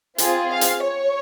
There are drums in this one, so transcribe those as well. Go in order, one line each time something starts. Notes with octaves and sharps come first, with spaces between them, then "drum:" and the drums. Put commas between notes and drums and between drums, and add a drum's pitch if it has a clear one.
C4 F4 G#4, drum: hi-hat
F5
drum: hi-hat
C#5